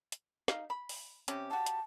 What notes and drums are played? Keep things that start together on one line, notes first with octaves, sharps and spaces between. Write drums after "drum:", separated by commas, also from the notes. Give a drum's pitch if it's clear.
drum: hi-hat
D#4 F5, drum: snare
B5
drum: open hi-hat
C3 C#4 G4, drum: hi-hat
F#4 G4 A5
drum: hi-hat